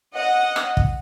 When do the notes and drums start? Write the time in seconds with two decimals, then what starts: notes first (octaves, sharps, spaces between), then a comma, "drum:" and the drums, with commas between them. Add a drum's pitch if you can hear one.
0.14 D#5 F#5
0.56 drum: rim click
0.77 drum: kick